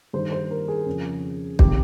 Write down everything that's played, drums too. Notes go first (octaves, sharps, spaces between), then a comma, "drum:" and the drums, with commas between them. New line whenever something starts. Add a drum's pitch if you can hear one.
G2 D#3 C5
C5
A#4
G#4
F2 C#3
C3 D#3 G4, drum: kick